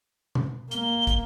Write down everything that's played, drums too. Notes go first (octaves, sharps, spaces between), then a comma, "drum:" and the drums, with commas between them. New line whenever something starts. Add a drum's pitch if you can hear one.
drum: tom B2
A#3 G7, drum: hi-hat
drum: kick, hi-hat